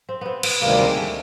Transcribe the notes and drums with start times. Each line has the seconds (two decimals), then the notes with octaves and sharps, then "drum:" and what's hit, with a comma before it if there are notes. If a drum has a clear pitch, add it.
0.09 C4
0.21 B3 C4
0.43 B3, drum: cymbal
0.61 D2 C3 D#3 G3 A#3
0.79 G#3
0.97 A3